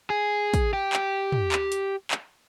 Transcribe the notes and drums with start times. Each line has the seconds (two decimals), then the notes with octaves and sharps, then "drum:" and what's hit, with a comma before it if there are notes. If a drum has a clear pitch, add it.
0.10 G#4
0.54 drum: kick, hi-hat
0.73 G4
0.93 drum: clap
1.32 drum: tom
1.52 drum: clap
1.72 drum: hi-hat
2.11 drum: clap